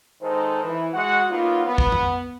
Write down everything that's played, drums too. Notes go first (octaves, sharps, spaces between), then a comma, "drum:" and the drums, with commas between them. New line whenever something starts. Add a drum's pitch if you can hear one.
D#3 G#3 D#4 A4 C5
E3
G#3 F#4 F#5
F#3 A#3 B3 D#4 F4
B3
drum: kick
drum: tom F2